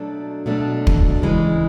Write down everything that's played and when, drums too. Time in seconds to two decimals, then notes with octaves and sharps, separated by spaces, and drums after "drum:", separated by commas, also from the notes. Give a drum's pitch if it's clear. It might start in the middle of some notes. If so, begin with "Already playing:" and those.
Already playing: B2 F#3 A3 D4 A4
0.46 B2 F#3 A3 D4 A4
0.87 drum: kick
1.22 C#3 E3 G#3